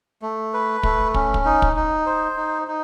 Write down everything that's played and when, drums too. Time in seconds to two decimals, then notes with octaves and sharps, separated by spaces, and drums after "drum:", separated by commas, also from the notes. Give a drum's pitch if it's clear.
0.22 A3
0.54 B4
0.83 A3, drum: kick
1.14 C#4, drum: kick
1.34 drum: kick
1.45 D#4
1.62 drum: kick
1.76 D#4
2.06 C5
2.37 D#4
2.68 D#4